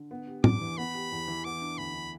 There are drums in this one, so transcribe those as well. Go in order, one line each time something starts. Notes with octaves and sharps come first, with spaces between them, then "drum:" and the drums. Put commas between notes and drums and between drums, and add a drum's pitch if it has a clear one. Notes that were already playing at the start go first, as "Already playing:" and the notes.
Already playing: D3
B3
G4
E2 D6, drum: tom
E3
B3 B5
G4
E2
E3
B3 D6
D4
D2 B5
D3